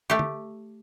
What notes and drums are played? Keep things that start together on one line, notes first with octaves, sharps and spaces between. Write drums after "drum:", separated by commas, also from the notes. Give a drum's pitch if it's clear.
A3 G4
drum: tom